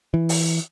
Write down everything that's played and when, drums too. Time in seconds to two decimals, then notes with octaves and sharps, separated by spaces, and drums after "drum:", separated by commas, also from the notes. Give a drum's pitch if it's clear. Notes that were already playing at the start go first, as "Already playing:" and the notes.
0.14 E3
0.29 drum: open hi-hat